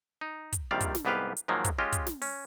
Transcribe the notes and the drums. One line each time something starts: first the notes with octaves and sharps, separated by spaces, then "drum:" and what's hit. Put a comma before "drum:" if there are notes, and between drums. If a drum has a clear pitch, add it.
D#4
drum: kick, hi-hat
A#1 C3 D#3 G3 D5 F5
drum: kick, hi-hat
drum: snare
C2 G#2 B3 G4 B4 F5
drum: hi-hat
G#2 D#3 F3 F#3 G#3 A#3
drum: kick, hi-hat
G#3 C#4 F4 G4 D#5
drum: kick, hi-hat
drum: snare
C#4, drum: open hi-hat